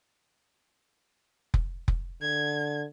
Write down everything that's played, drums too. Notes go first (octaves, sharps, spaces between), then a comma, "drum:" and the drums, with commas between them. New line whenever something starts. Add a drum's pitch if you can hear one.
drum: kick F1
drum: kick F1
D3 G#6